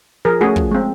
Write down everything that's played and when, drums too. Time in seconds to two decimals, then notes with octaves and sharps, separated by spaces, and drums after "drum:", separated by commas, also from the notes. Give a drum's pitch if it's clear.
0.25 F3 G#4 A#4
0.41 A3 C#4 F#4 G#4
0.56 F3, drum: kick
0.71 G#3 C4